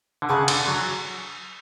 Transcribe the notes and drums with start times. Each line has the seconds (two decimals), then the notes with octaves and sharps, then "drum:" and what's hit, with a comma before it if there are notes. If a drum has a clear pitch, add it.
0.22 D3
0.29 C#3 G#4 D5 F#5 A5
0.48 D3, drum: cymbal
0.67 F#3